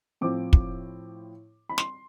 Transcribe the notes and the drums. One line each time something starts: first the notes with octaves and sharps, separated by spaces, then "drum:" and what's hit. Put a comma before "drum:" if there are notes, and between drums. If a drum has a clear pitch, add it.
A2 F3 C4 D6
drum: kick
B5
C6, drum: snare